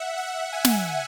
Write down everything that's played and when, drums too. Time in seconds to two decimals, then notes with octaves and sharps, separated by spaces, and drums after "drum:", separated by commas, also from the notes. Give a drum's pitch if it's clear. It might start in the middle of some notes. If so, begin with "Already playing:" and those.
Already playing: E5 F#5
0.17 F#5
0.52 G#5
0.65 drum: snare